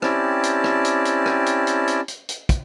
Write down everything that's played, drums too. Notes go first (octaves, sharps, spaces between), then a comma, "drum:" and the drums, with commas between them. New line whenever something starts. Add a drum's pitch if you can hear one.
C4 C#4 E4 G4 D5 A5, drum: rim click
drum: hi-hat
drum: rim click
drum: hi-hat
drum: hi-hat
drum: rim click
drum: hi-hat
drum: hi-hat
drum: hi-hat
drum: hi-hat
drum: hi-hat
drum: kick, hi-hat